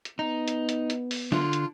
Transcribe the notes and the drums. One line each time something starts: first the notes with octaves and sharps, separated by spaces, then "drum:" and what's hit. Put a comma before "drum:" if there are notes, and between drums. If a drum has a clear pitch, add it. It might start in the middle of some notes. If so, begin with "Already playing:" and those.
drum: hi-hat
B3 D#4
drum: hi-hat
drum: hi-hat
drum: hi-hat
drum: open hi-hat
D3 F4, drum: snare
drum: hi-hat